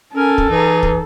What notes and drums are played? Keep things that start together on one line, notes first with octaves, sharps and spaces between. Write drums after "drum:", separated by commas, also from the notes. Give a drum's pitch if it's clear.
C#4 A4 A#4 G#5
drum: kick
E3 D#4 G#4
drum: kick